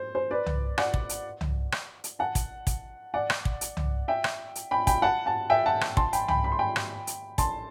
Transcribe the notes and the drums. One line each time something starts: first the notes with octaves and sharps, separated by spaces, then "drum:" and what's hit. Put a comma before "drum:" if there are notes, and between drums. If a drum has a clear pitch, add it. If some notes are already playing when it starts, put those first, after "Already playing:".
Already playing: C5
C5
B4 D5
drum: tom
D5 F#5, drum: rim click
drum: kick
drum: hi-hat
drum: tom
drum: rim click
drum: hi-hat
F#5 A5
drum: kick, hi-hat
drum: kick, hi-hat
D5 F#5
drum: rim click
drum: kick
drum: hi-hat
drum: tom
E5 G5
drum: rim click
drum: hi-hat
G5 B5
G5 B5, drum: kick, hi-hat
F#5 A5
F#5 A5
E5 G5
F#5 A5
drum: rim click
A5 C6, drum: kick
G5 B5, drum: hi-hat
G5 B5, drum: tom
B5
C6
G5 B5
drum: rim click
drum: hi-hat
A5 C6, drum: kick, hi-hat